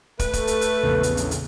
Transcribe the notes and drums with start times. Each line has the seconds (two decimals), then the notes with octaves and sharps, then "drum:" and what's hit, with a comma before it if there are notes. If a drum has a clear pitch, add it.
0.19 A3 B4, drum: kick, hi-hat
0.33 drum: kick, hi-hat
0.47 drum: hi-hat
0.61 drum: hi-hat
0.83 A#1 E2 C#3
1.03 drum: hi-hat
1.17 drum: hi-hat
1.31 drum: hi-hat